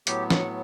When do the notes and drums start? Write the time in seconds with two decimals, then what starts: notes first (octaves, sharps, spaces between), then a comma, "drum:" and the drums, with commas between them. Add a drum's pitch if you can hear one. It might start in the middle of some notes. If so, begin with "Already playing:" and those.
0.07 A2 F#3 B3 G4, drum: hi-hat
0.30 F#5, drum: snare